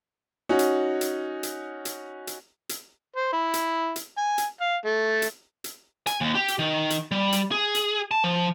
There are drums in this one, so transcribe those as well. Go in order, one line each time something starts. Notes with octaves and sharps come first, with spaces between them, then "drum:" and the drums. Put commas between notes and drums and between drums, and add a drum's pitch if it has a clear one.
C#4 D#4 F#4
drum: hi-hat
drum: hi-hat
drum: hi-hat
drum: hi-hat
drum: hi-hat
drum: hi-hat
C5
E4
drum: hi-hat
drum: hi-hat
G#5
drum: hi-hat
F5
A3
drum: hi-hat
drum: hi-hat
G#5, drum: hi-hat
D#2
G4
drum: hi-hat
D#3
drum: hi-hat
G3
drum: hi-hat
G#4
drum: hi-hat
A5
F3